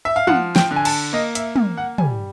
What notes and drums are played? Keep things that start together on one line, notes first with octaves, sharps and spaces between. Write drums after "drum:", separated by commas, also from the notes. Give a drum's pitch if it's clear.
E5
F5
F3 F#5, drum: tom
G5, drum: snare
D3
G#5
A5, drum: cymbal
A#3 D#5
E5, drum: hi-hat
A#3, drum: tom
F#5
G3 G#5, drum: tom